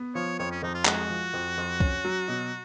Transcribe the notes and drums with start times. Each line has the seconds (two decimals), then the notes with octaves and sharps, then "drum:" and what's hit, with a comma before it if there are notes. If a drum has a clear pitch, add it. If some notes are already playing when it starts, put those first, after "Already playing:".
Already playing: B3
0.15 F3 C#5
0.39 F2 C#5
0.52 C#4
0.63 F2 D#4
0.74 F4
0.85 G#3 F#4, drum: clap
1.10 F3
1.33 F2
1.58 F2
1.80 C#4, drum: kick C2
2.04 F#3
2.28 B2